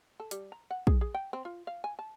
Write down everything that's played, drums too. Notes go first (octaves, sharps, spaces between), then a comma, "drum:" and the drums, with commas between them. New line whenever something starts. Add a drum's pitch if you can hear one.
A4
G3, drum: hi-hat
A#5
F#5
G#4, drum: kick
G#4
G5
C4
F4
F5
G#5
A5